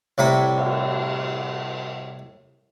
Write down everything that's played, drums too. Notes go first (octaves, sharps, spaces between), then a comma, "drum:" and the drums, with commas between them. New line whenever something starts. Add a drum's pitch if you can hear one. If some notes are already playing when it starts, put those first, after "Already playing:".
C2 A2 A#5 B5
drum: cymbal